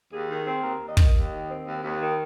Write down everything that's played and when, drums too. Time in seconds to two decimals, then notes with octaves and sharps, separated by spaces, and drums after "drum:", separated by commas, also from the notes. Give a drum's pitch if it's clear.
0.12 D#2 G#4
0.28 D#3
0.46 C4
0.63 D#2 A#4
0.80 D#2
0.89 D#5
0.97 D#3, drum: kick
1.14 D#2
1.32 D#3
1.48 C4
1.66 D#2
1.83 D#2
2.00 D#3